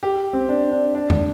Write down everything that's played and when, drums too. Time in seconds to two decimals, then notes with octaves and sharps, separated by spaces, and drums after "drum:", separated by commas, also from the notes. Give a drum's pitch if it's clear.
0.03 G4
0.33 C4
0.49 D4
0.71 D4
0.95 D4
1.10 D4, drum: tom E2